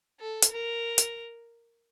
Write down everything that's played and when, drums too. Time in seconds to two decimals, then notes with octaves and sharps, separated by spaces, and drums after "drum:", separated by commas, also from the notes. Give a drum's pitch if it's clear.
0.20 A4
0.42 drum: hi-hat
0.52 A#4
0.98 drum: hi-hat